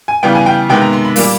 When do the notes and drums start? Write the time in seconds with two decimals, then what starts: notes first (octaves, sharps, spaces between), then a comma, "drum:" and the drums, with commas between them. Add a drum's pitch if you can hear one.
0.08 G#5
0.23 C#3 E3 G3 B3 G5
0.35 G#5
0.46 G5
0.69 C3 D#3 G#3 B3 G5
0.81 A#5
0.93 C6
1.05 B5
1.16 A#2 G3 A#3, drum: open hi-hat